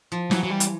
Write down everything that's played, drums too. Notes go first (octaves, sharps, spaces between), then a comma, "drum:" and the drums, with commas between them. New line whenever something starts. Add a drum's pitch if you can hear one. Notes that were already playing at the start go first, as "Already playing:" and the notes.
F3
E3 F#3, drum: snare
F#3
G3
drum: hi-hat